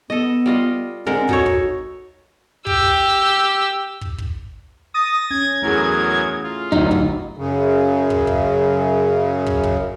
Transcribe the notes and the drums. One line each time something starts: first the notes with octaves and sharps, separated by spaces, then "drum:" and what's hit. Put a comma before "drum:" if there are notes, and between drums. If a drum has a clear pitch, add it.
B3 A4 D#5
G3 F4 D#5
D3 G#3 C4 A#4
D#4 F#4 A4 C#5, drum: kick
drum: kick
G4 E6, drum: kick
drum: kick
drum: kick
drum: kick
D#6 A6 A#6
C#4 G#6
E2 F#3 A3 E4 G#4 A#4
F4
D2 F#3 D#4 E4 G4, drum: kick
drum: kick
F#2 C#3
drum: kick
drum: kick
drum: kick
drum: kick